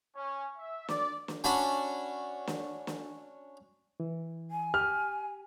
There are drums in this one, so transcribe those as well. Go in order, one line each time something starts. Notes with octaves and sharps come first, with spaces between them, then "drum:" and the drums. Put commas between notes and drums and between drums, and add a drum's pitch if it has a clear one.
C#4
E5
D5, drum: snare
drum: snare
C#4 D4 F#4 G#5 A5 B5
drum: snare
drum: snare
E3
G#5
G4 F6